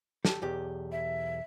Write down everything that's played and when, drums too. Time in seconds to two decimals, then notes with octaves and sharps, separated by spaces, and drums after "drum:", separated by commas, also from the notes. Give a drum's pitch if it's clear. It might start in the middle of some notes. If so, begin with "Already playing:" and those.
0.25 G4 A4, drum: snare
0.42 B1 E2 G4
0.92 E5